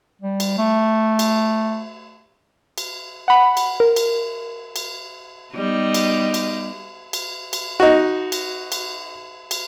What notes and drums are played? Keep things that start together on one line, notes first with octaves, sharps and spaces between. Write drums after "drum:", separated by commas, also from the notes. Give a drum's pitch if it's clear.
G3
drum: cymbal
A3
drum: cymbal
drum: cymbal
F#5 B5
drum: cymbal
A#4
drum: cymbal
drum: cymbal
G3 B3 D#4
drum: cymbal
drum: cymbal
drum: cymbal
drum: cymbal
D#4 F#4
drum: cymbal
drum: cymbal
drum: cymbal